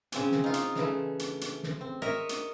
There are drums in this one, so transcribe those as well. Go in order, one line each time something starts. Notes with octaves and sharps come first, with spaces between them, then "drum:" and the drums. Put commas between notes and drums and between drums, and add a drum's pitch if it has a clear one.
C#3 C4 G#5, drum: hi-hat
drum: snare
D#4 F4
drum: hi-hat
C#3 E3 A3, drum: snare
drum: hi-hat
drum: hi-hat
drum: snare
C4
A#4 C#5 D#5 E5
drum: hi-hat